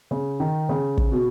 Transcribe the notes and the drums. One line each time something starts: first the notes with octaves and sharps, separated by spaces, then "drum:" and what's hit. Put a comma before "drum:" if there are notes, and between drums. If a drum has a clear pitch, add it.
C#3
D#3
C#3
drum: kick
B2